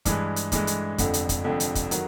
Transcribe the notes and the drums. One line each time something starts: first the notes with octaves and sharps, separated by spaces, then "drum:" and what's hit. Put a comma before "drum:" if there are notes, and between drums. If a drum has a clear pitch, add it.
G2 E3 G#3, drum: kick, hi-hat
drum: hi-hat
G2 E3 G#3, drum: kick, hi-hat
drum: hi-hat
F1 F2 D3, drum: kick, hi-hat
drum: hi-hat
drum: kick, hi-hat
F1 F2 D3
drum: hi-hat
drum: kick, hi-hat
D#3 F#3, drum: hi-hat